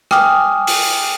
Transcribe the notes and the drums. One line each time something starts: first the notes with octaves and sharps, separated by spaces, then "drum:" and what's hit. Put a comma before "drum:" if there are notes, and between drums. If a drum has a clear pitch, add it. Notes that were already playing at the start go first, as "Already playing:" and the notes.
G5 G#5 D6 D#6 F6, drum: rim click
drum: open hi-hat